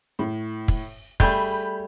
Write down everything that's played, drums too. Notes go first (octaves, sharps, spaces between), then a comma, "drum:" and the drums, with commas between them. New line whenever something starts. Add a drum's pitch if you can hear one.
A2
drum: kick
G3 A3 G#4 B5 G6, drum: kick